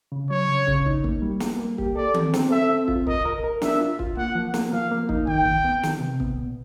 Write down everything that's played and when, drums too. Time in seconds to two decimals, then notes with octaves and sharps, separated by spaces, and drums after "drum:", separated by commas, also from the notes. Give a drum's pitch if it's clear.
0.12 C#3
0.30 F#3 C#5
0.49 C#3
0.67 C#3, drum: kick
0.86 D#4, drum: kick
1.04 A#3, drum: kick
1.22 G3
1.40 A#3, drum: snare
1.60 A#3
1.78 G4, drum: kick
1.96 A4 D5
2.14 C4, drum: tom D#3
2.34 C4, drum: snare
2.51 A4 E5
2.70 C4
2.88 F4, drum: kick
3.07 A#4 D#5, drum: kick
3.25 A#4, drum: kick
3.44 A#4
3.62 D4 E5, drum: snare
3.80 F4
3.99 F4, drum: kick
4.17 A#3 F#5
4.35 F3
4.54 A#3, drum: snare
4.72 F3 F5
4.91 A#3
5.09 D#4, drum: kick
5.27 D#3 G5, drum: kick
5.46 D#3, drum: kick
5.65 B3
5.83 D#3, drum: snare
6.01 C3
6.20 B3, drum: kick
6.38 A#2